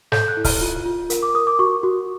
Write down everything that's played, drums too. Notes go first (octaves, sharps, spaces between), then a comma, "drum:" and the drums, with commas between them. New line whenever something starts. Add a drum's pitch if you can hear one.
A4 G6, drum: snare
F#6
E4
F6, drum: kick C#1, open hi-hat
F4
F4
A#4, drum: hi-hat
D6
A#4 D#6
D6
F#4 C#6
F#4